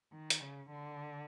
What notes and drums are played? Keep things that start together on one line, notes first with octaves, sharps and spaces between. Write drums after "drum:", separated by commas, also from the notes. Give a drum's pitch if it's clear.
D#3
drum: hi-hat
C#3
D3